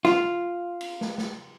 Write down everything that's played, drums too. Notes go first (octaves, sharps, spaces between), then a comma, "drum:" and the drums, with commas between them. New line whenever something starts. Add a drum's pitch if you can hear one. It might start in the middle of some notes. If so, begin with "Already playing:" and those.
F4, drum: snare
drum: cymbal
drum: snare
drum: snare